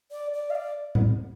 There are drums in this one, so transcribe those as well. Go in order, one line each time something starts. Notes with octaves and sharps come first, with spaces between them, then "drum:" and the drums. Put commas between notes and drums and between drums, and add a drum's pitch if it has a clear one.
D5
D5
F5
D5
drum: tom A2